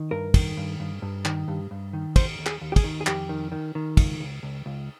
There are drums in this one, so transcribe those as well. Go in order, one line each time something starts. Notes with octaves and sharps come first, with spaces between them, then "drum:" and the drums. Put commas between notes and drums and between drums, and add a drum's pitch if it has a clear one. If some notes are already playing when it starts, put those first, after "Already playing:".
Already playing: D#3
G2 A#4
D#3, drum: kick, cymbal
G2
G2
G2
D#3, drum: clap
G2
G2
D#3
D#2 C5, drum: kick, cymbal
D#2
G#4, drum: clap
D#2
G4
G#4, drum: kick, cymbal
D#3
G#4
F2 G4, drum: clap
D#3
D#3
D#3
C#2, drum: kick, cymbal
C#2
C#2
C#2